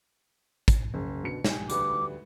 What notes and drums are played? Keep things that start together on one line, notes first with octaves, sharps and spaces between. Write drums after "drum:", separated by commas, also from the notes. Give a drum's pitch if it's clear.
drum: kick, hi-hat
F#1
B2 D3 C#7
G4 G#5, drum: snare
D2 G3 B4 D6, drum: hi-hat